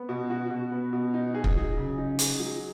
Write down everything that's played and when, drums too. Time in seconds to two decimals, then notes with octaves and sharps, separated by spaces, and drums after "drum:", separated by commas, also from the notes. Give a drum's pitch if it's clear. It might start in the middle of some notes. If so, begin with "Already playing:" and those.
Already playing: B3
0.09 B2
0.30 F#4
0.50 B2
0.72 B3
0.93 B2
1.14 D#4
1.35 G#4
1.44 drum: kick
1.56 F#3
1.77 C#3
1.98 D#4
2.19 G#4, drum: hi-hat
2.40 F#3